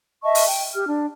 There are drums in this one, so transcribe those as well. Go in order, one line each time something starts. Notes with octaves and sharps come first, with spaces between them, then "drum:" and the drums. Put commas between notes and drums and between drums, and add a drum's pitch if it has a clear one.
D#5 E5 A5 C#6
drum: open hi-hat
G5
G4 F6
D4